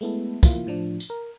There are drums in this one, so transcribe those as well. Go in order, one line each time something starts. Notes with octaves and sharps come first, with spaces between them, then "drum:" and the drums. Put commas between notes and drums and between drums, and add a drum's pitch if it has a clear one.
G#3 A3 B3 E4 A4
A#3 E4 F4, drum: kick, tambourine
A2 F3 D4
drum: tambourine
A#4